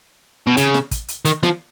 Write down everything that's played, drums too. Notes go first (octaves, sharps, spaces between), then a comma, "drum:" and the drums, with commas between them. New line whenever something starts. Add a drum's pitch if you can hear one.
B2
C#3, drum: hi-hat
drum: snare
drum: kick, hi-hat
drum: hi-hat
D#3, drum: hi-hat
F3, drum: snare